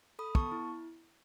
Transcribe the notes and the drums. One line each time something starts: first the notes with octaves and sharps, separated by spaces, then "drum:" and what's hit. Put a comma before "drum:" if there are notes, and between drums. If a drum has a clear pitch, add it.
A4 B5 D#6
B3 A5 C#6, drum: kick
E4